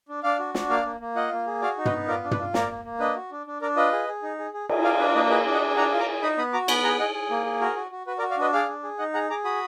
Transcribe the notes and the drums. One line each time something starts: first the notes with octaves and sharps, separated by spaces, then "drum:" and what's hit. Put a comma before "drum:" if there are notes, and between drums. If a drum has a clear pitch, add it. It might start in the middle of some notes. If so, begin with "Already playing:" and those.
D4
D4 D5 F5
F#4
D4, drum: snare
A#3 D5 F5
A#3
A#3
F4 D#5 F#5
A#3
G#4
F#4 D5 F5
D#4
B4 D#5, drum: tom
B3
F4 A#4 D5
D4
B4, drum: tom
F4
A#3 A#4 D5, drum: snare
A#3
A#3
D4 B4 D#5
F#4
D4
D4
D4 A#4 D5
F4 B4 D#5
G#4
G#4
D#4
G#4
G#4
G#4, drum: cymbal
F4 D5 F5
D4 B4
A#3 B4 D#5
G#4 B4 D#5
D4
D#5 F#5
G#4
D4 F#5 A#5
F4
A#5 D6
G#4
D#4 B5 D#6
B3 B5 D#6
F#4 A#5 D6
B3 G#5 B5, drum: cymbal
G#4 F#5 A#5
G#4 D#5 F#5
G#4
A#3
G#4
F#4 A#4
F#4
F#4
F#4 B4
A#4 D5
F#4
D5 F5
D4 B4 D#5
G#4 D5 F5
D4
G#4
D#4 D#5 F#5
G#4 F#5 A#5
G#4 A#5 D6
F#4 B5 D#6